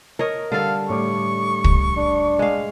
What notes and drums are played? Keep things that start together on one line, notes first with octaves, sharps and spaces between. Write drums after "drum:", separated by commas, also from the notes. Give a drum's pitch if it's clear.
A#4 C#5 D#5
D3 G3 A4 F5
A2 G3 C#6 D6
drum: kick
D4
G#3 F5